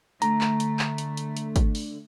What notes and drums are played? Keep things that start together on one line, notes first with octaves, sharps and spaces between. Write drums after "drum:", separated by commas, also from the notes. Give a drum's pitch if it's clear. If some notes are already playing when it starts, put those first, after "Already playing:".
D3 A3 A#5, drum: hi-hat
drum: clap
drum: hi-hat
drum: clap
drum: hi-hat
drum: hi-hat
drum: hi-hat
drum: kick, hi-hat
drum: open hi-hat